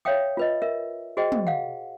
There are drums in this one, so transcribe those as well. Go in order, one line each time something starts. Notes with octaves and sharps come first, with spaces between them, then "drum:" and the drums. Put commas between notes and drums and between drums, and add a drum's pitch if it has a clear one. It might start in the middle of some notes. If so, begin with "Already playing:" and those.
C#5 E5 F5 G5 D#6
F4 B4 D#5
A#4 E5
F#4 G#4 C5 D#5 G5
drum: tom
F5 F#5